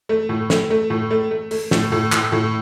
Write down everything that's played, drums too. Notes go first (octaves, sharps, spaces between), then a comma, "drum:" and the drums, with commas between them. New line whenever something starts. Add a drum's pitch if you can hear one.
A3
A2
A3, drum: snare
A3
A2
A3
A3
A3, drum: open hi-hat
A2, drum: snare
A2
A2, drum: clap
A2